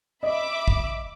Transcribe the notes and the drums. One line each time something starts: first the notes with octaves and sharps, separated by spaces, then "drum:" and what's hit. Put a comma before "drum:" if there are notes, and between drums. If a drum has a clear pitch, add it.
D#5 E5 B5 D6
drum: kick